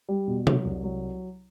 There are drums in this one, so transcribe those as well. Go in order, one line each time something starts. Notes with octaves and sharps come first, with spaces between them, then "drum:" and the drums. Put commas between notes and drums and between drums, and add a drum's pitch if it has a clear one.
G3
B2
F#3, drum: tom C3
C2
F#3